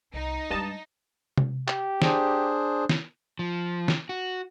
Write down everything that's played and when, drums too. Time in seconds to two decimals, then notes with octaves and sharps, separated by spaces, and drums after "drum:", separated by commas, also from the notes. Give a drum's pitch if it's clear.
0.14 C2 D#4
0.50 G2 G3 G#3 D#5 A5
1.38 drum: tom C3
1.68 G4, drum: clap
2.02 D4 G#4 C5, drum: snare
2.89 drum: snare
3.39 F3
3.88 drum: snare
4.09 F#4